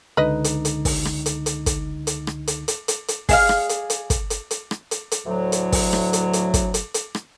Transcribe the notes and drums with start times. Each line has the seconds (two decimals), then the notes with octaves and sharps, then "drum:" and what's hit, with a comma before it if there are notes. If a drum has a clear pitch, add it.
0.17 C#2 D3 D#4 B4 D#5
0.44 drum: hi-hat
0.65 drum: hi-hat
0.85 drum: kick, open hi-hat
1.05 drum: rim click
1.26 drum: hi-hat
1.46 drum: hi-hat
1.66 drum: kick, hi-hat
2.07 drum: hi-hat
2.27 drum: rim click
2.47 drum: hi-hat
2.68 drum: hi-hat
2.88 drum: hi-hat
3.08 drum: hi-hat
3.29 G#4 E5 F5, drum: kick, open hi-hat
3.49 drum: rim click
3.69 drum: hi-hat
3.90 drum: hi-hat
4.10 drum: kick, hi-hat
4.30 drum: hi-hat
4.51 drum: hi-hat
4.71 drum: rim click
4.91 drum: hi-hat
5.11 drum: hi-hat
5.26 D2 A2 F#3
5.52 drum: hi-hat
5.72 drum: kick, open hi-hat
5.93 drum: rim click
6.13 drum: hi-hat
6.33 drum: hi-hat
6.54 drum: kick, hi-hat
6.74 drum: hi-hat
6.94 drum: hi-hat
7.15 drum: rim click